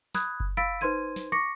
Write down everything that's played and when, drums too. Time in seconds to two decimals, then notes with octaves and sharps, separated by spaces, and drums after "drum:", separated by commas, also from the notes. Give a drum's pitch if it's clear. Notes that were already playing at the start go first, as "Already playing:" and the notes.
0.15 B5 D#6 F#6 G#6, drum: snare
0.40 drum: kick F#1
0.57 F5 B5 E6 A6 B6 D7
0.81 D#4 B4 C5 C6 G#6 D#7
1.16 drum: snare
1.32 C#6 D6 A#6 C#7